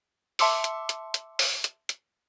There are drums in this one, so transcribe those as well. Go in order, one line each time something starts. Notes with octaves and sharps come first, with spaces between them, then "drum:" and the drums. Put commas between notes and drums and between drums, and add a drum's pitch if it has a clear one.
E5 A5 C6 D6 E6 C#7, drum: open hi-hat
drum: hi-hat
drum: hi-hat
drum: hi-hat
drum: open hi-hat
drum: hi-hat
drum: hi-hat